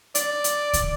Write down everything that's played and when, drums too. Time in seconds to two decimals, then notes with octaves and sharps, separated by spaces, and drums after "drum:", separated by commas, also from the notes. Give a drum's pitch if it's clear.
0.15 D5, drum: hi-hat
0.44 drum: hi-hat
0.73 drum: kick C#2, hi-hat